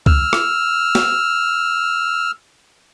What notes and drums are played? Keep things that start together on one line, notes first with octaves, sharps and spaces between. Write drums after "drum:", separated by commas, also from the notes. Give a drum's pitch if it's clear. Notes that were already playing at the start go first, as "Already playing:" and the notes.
E6 F6, drum: kick C#2
drum: rim click
drum: snare